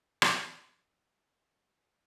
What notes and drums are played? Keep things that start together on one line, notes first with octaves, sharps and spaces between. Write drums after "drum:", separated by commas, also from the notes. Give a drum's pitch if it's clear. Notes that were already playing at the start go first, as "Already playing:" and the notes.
drum: rim click
E6
F3 G#3 C#4
B2 A#3 C4
E2 A4 C#5